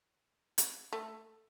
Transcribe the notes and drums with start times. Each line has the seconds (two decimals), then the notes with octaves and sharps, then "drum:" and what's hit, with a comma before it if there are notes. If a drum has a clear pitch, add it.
0.58 drum: hi-hat
0.93 A3